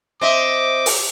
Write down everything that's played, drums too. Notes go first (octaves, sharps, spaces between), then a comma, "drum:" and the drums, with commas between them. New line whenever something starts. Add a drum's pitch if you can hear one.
C4 D#5 E5 D6
drum: open hi-hat